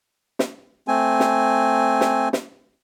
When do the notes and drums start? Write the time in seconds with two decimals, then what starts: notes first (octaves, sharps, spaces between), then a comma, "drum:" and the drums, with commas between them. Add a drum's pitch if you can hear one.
0.39 drum: snare
0.88 A3 C4 G#5
1.20 drum: snare
2.01 drum: snare
2.33 drum: snare